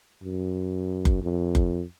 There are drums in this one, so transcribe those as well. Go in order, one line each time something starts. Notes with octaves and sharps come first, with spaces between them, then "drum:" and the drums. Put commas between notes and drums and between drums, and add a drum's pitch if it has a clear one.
F#2
drum: kick F#1
F2
drum: kick F#1